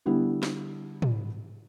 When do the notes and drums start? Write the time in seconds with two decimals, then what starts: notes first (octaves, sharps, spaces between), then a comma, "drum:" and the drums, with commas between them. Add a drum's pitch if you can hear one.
0.06 D3 G3 B3 E4
0.43 drum: snare
1.02 drum: tom